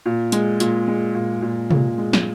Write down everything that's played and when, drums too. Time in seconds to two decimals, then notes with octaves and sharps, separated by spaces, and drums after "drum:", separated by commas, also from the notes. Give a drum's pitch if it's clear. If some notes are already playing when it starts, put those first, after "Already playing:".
0.06 A#2
0.32 G#3, drum: hi-hat
0.60 A#2, drum: hi-hat
0.88 G#3
1.14 A#2
1.42 A#2
1.71 A#2, drum: tom
1.98 G#3
2.13 drum: snare